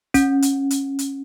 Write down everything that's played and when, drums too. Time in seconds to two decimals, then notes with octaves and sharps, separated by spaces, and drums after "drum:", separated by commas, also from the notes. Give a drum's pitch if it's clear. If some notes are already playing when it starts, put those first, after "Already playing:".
0.14 C#4, drum: kick, hi-hat
0.42 drum: hi-hat
0.71 drum: hi-hat
0.99 drum: hi-hat